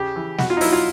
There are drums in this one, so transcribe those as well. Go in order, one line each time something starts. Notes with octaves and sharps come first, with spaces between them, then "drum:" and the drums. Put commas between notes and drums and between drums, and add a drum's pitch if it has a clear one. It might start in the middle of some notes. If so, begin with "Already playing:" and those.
Already playing: C#3 G4
E3
B2 F#4, drum: snare
F4
D#4
F#3 E4, drum: open hi-hat
F4